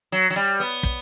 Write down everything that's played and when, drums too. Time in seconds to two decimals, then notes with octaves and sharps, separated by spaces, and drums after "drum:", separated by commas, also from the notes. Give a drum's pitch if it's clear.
0.12 F#3
0.30 F#3
0.36 G3
0.60 B3
0.83 drum: kick